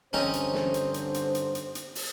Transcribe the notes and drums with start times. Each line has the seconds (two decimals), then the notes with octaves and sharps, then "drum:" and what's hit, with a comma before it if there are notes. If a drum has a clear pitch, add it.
0.13 G2 D3 C4 C#4 D#4 C5, drum: snare
0.33 drum: hi-hat
0.54 drum: snare
0.74 drum: hi-hat
0.94 drum: hi-hat
1.14 drum: hi-hat
1.35 drum: hi-hat
1.55 drum: hi-hat
1.75 drum: hi-hat
1.95 drum: open hi-hat